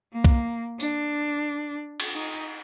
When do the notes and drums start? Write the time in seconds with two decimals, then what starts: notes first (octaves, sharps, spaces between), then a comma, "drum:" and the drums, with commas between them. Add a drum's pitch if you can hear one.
0.13 A#3
0.24 drum: kick
0.80 D4, drum: tambourine
2.00 drum: cymbal
2.14 D#4